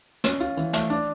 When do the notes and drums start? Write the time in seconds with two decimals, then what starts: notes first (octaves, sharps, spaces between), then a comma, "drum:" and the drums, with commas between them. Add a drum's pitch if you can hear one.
0.24 C#4, drum: snare
0.40 F4, drum: hi-hat
0.57 E3, drum: hi-hat
0.73 A3, drum: snare
0.90 D4, drum: hi-hat